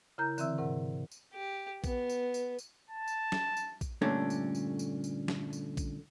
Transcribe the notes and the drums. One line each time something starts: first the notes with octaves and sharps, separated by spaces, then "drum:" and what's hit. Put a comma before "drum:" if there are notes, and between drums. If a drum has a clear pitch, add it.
C#3 E4 A#4 A#5 G6
D3 E3 C4 E5 E6, drum: tambourine
G#2 C3 A#4 F#5
drum: tambourine
G4
B3, drum: kick A#1, tambourine
drum: tambourine
drum: tambourine
drum: tambourine
A5
drum: tambourine
drum: snare
drum: tambourine
drum: kick A#1, tambourine
G2 A#2 D3 A3 C#4 D4
drum: tambourine
drum: tambourine
drum: tambourine
drum: tambourine
drum: snare
drum: tambourine
drum: kick A#1, tambourine